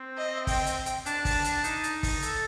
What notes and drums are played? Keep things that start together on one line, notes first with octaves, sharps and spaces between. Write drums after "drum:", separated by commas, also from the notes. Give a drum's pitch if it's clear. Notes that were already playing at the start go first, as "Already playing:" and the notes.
Already playing: C4
D#5
G5, drum: kick, open hi-hat
drum: hi-hat
drum: hi-hat
D4 A5, drum: hi-hat
drum: kick, open hi-hat
drum: hi-hat
D#4, drum: hi-hat
drum: hi-hat
drum: kick, open hi-hat
A4, drum: hi-hat